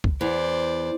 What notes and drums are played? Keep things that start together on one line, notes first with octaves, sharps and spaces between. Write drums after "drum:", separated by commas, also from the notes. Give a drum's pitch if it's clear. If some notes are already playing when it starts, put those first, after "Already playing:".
drum: kick
E2 C5 D5